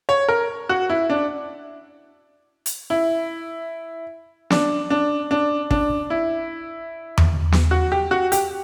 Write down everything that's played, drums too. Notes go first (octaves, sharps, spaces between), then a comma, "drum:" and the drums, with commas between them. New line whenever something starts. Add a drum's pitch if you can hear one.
C#5
A#4
F#4
E4
D4
drum: hi-hat
E4
D4, drum: snare
D4
D4
D4, drum: kick
E4
drum: tom E2
drum: snare
F#4
G4
F#4
G4, drum: hi-hat